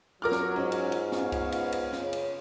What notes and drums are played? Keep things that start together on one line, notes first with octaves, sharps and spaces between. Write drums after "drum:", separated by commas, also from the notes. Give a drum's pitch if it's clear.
F#3 F4 A#4 D6 F6
drum: snare
G#2 C#4
drum: cymbal
drum: cymbal
B3 C#5 F5, drum: snare
drum: kick C2, cymbal
drum: cymbal
drum: cymbal
drum: snare
C#3
drum: cymbal